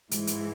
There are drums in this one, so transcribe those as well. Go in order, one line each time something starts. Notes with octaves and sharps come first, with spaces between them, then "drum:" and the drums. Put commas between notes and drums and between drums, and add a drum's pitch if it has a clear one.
G#2 E3 G#3, drum: hi-hat
drum: hi-hat